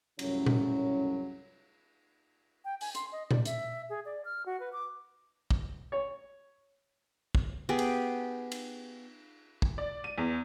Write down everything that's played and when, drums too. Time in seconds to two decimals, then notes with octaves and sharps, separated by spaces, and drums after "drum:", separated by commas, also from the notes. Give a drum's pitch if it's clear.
0.19 C2 F#2 A2 C#3 F#3 C#4, drum: cymbal
0.46 drum: tom A#2
2.65 G5
2.81 G#5, drum: open hi-hat
2.95 C6, drum: hi-hat
3.12 D#5
3.31 D5, drum: tom A#2
3.45 E5, drum: hi-hat
3.89 G#4
4.05 D5
4.25 F6
4.46 F#4
4.60 B4
4.72 D6
5.51 drum: kick
5.92 C#5
7.35 drum: kick
7.69 B3 G4 G#4
7.79 drum: cymbal
8.52 drum: cymbal
9.62 drum: kick
9.78 D5
10.04 D#7
10.18 E2